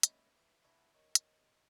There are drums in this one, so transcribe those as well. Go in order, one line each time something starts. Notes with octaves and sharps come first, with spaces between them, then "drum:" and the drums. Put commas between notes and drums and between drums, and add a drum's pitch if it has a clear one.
D#2 G#2 C4 C#4 D#4 E4, drum: hi-hat
E3 C5
E3 B3 D4 E4 F#4
D#3 C#5
drum: hi-hat